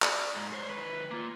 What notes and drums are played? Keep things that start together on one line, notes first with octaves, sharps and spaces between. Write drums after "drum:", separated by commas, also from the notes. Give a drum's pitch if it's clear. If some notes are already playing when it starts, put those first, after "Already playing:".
D5, drum: clap
G#2
C5 C#5
D#3 B4
A#3 F4